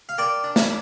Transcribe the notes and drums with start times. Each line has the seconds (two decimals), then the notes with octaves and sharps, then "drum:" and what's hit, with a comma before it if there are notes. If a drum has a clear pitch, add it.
0.09 F5
0.18 A#3 D5 G5
0.44 D4
0.56 drum: snare